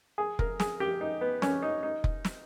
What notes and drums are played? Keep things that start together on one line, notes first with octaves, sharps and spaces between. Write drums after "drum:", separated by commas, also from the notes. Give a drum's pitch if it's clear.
G#4
A#4, drum: kick F1
G#4, drum: snare
G4
D#4
B3
C#4, drum: snare
D#4
D#4
drum: kick F1
drum: snare